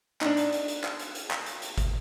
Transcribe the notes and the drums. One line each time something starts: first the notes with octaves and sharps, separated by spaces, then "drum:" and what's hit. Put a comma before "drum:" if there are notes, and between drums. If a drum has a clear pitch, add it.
D4 D#4, drum: clap
drum: hi-hat
drum: hi-hat
drum: hi-hat
drum: clap
drum: hi-hat
drum: hi-hat
drum: clap
drum: hi-hat
drum: hi-hat
drum: kick, hi-hat